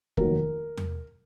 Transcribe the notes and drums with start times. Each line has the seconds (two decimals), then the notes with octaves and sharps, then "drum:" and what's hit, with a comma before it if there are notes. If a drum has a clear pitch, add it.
0.17 F1 D#2 D#3 F#3 A#4, drum: kick
0.77 drum: tom E2